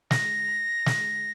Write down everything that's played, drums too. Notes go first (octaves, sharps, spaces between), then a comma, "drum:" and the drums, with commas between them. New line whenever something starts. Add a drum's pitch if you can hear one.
A#6, drum: snare
drum: snare